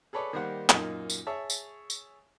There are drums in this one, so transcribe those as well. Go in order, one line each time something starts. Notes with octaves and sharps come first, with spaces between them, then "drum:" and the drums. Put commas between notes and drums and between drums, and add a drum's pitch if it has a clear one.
G#4 A4 B4 C#5 D5
D#3 G3 A#3 C5 F#5
F#2 A#2 A#3 D#4, drum: clap
drum: tambourine
G#4 C#5 E5 A5
drum: tambourine
drum: tambourine